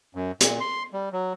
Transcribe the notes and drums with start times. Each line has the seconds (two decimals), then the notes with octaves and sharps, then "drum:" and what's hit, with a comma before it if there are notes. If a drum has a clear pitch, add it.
0.15 F#2
0.41 A#2, drum: hi-hat
0.60 C6
0.93 G3
1.12 F#3